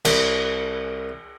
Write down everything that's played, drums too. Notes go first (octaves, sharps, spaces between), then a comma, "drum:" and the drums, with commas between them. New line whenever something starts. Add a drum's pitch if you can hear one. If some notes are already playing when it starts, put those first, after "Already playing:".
C2, drum: cymbal